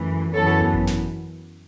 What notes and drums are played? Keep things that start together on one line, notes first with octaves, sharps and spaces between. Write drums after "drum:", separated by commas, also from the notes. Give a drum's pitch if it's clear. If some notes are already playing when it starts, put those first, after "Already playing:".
Already playing: F#2 E3 A3
F#2 E3 B3 A4 C#5
drum: tom D#2
drum: kick G#1
drum: snare